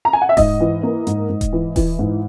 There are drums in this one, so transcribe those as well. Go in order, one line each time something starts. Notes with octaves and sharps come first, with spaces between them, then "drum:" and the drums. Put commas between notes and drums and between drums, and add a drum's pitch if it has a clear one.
A#5
G#5
F#5
E5
G#2 D#5, drum: kick D#1, open hi-hat
E3
A#3
G#2, drum: hi-hat
G#2
drum: kick D#1, hi-hat
E3
E3, drum: kick D#1, open hi-hat
G#2